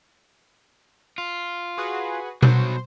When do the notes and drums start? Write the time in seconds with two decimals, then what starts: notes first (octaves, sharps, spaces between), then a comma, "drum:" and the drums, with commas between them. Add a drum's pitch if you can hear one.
1.18 F4
1.78 F#4 G#4 B4
2.42 B2 F#3 C5, drum: tom B2